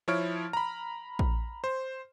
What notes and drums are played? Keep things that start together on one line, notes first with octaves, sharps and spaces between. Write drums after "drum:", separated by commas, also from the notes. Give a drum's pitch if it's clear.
F3 E4 C#5 F6 D7
A#5 B5
drum: kick
C5